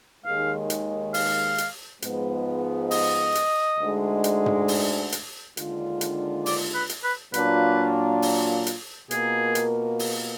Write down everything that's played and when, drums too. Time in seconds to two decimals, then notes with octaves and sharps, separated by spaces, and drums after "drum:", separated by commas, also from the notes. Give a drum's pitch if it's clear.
0.25 D#2 D#3 G#3 F5
0.70 drum: hi-hat
1.14 F5, drum: open hi-hat
1.58 drum: hi-hat
2.02 G#2 F3 G#3 B3, drum: hi-hat
2.91 D#5, drum: open hi-hat
3.35 drum: hi-hat
3.79 D2 D3 G#3 D#4
4.24 drum: hi-hat
4.46 drum: tom
4.68 drum: open hi-hat
5.12 drum: hi-hat
5.57 D#2 D3 G#3 D4 F4, drum: hi-hat
6.01 drum: hi-hat
6.46 D5, drum: open hi-hat
6.74 B4
6.89 drum: hi-hat
7.04 B4
7.34 A#2 F#3 A#3 D4 F4 B4, drum: hi-hat
8.22 drum: open hi-hat
8.67 drum: hi-hat
9.11 B2 A#3 F4 G#4 A#4, drum: hi-hat
9.55 drum: hi-hat
9.99 drum: open hi-hat